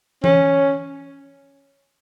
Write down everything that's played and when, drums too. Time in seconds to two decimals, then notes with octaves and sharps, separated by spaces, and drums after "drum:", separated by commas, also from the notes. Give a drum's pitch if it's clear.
0.24 C#4, drum: tom E3